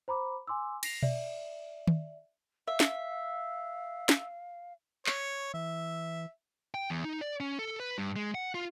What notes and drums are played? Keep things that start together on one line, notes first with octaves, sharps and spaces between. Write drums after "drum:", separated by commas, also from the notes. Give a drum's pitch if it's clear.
C5 A#5 B5 D6
G#5 C6 D6 E6
A#6 C7 F7, drum: cymbal
D5 E5, drum: tom B2
drum: tom D#3
E5 F5
drum: snare
drum: snare
C#5, drum: clap
E3 E5
G5
E2
D#4
D5
C#4
A4
B4
G2
G#3
F#5
F4